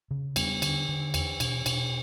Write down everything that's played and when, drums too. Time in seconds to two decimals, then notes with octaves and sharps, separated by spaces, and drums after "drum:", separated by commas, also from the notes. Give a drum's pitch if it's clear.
0.11 C#3
0.36 E2 G3 B3, drum: cymbal
0.62 D3, drum: cymbal
0.89 D3
1.14 E2, drum: cymbal
1.40 B2, drum: cymbal
1.66 B2, drum: cymbal